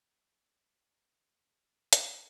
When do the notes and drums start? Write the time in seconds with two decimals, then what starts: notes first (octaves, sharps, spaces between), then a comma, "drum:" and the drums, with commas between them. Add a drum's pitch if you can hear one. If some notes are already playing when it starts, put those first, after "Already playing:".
0.24 F#4
0.36 D4 D#5 A#5 A#6 B6
0.90 E1
1.15 D4 G#4
1.45 A1 E3 B4 B5
1.93 G#3 D#4 E4 G#4, drum: hi-hat